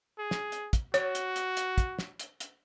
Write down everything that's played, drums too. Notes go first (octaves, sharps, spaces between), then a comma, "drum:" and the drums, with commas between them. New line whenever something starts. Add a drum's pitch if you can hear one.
G#4
drum: snare
drum: hi-hat
drum: kick, hi-hat
F#4 C#5, drum: hi-hat
drum: hi-hat
drum: hi-hat
drum: hi-hat
drum: kick, hi-hat
drum: snare
drum: hi-hat
drum: hi-hat